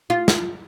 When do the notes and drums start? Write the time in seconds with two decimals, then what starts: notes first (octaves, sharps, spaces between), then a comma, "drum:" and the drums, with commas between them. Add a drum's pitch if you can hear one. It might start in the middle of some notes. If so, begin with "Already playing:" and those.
0.10 F4
0.28 drum: snare